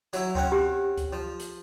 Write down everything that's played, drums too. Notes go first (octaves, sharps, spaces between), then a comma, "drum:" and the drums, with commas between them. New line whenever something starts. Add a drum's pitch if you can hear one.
F#3 E4, drum: hi-hat
C4 C#4 F#5, drum: kick D2
G4
drum: kick D2, hi-hat
F3
drum: hi-hat